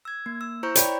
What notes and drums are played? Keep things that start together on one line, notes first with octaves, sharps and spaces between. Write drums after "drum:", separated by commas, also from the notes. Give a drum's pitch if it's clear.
E6 G#6
A#3
E6
E4 C5 A#5 C#6 G6
C#5 D5 G5 B5, drum: hi-hat